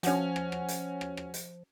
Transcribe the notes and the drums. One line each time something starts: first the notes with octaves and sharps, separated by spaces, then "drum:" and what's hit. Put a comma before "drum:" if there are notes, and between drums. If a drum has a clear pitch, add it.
F3 C#4 F#4, drum: hi-hat
drum: rim click
drum: rim click
drum: hi-hat
drum: rim click
drum: rim click
drum: hi-hat